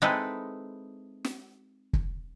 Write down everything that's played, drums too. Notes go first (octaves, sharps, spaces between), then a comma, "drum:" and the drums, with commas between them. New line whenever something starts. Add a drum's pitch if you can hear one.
G#3 C4 D#4 E4 A4 B4
drum: snare
drum: kick